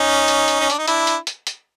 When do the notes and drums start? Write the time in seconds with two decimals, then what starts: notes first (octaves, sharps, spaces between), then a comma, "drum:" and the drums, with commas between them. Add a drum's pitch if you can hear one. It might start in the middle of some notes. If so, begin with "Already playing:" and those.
Already playing: C#4 D#4
0.28 drum: hi-hat
0.48 drum: hi-hat
0.60 C#4
0.70 D4, drum: hi-hat
0.79 D#4
0.88 D4 E4, drum: hi-hat
1.07 drum: hi-hat
1.27 drum: hi-hat
1.47 drum: hi-hat